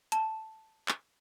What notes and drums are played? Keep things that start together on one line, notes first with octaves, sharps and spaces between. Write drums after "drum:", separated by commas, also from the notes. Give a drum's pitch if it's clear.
A5, drum: hi-hat
drum: clap